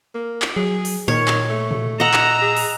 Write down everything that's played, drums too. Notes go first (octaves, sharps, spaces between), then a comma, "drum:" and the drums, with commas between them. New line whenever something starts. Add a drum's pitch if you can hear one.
A#3
drum: clap
F#3 G#4
drum: open hi-hat
A#2 D#3 C#5
drum: clap
A3
drum: tom
D#5 F#5 A#5 E6
drum: clap
G#4
drum: open hi-hat